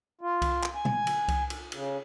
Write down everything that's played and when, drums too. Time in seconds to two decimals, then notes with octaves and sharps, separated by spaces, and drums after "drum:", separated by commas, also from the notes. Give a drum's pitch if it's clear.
0.21 F4
0.42 drum: kick C2, cymbal
0.63 drum: clap
0.75 G#5
0.85 drum: tom A#2
1.07 drum: cymbal
1.28 drum: kick C2, cymbal
1.50 drum: cymbal
1.72 C#3, drum: cymbal